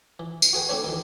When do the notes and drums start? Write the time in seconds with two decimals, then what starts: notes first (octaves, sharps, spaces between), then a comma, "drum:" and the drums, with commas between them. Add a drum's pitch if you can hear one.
0.19 E3
0.42 drum: tambourine
0.53 F#4 G#4 B4 G5
0.69 A3 C4 D4 B4 C#5
0.84 D2 D#3 E3